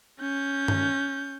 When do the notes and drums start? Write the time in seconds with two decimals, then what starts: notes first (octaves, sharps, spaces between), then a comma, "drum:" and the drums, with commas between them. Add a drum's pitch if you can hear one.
0.20 C#4 G6
0.68 drum: tom G2